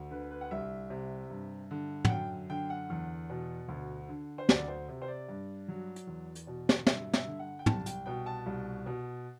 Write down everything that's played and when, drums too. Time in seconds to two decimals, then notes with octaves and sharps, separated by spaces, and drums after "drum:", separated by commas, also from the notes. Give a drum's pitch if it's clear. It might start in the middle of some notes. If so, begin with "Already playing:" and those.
Already playing: D2
0.11 D3 B4
0.31 B4
0.41 F#5
0.51 C2 E5
0.90 C3
1.30 G2
1.71 D3
2.05 F#5, drum: tom
2.09 F#2 G5
2.50 D3 G5
2.70 F#5
2.90 E2
3.30 B2
3.68 D2
4.09 D3
4.38 C5
4.49 D2 D5, drum: snare
4.68 C5
4.89 C3
5.02 C5
5.08 D5
5.29 G2
5.68 F#3
5.96 drum: hi-hat
6.07 E2
6.35 drum: hi-hat
6.47 B2
6.69 drum: snare
6.87 G2 E5, drum: snare
7.14 E5, drum: snare
7.27 D3
7.39 F#5
7.59 G5
7.66 C2 A5, drum: tom
7.86 G5, drum: hi-hat
8.06 B2 G5
8.26 A5
8.46 C2
8.86 B2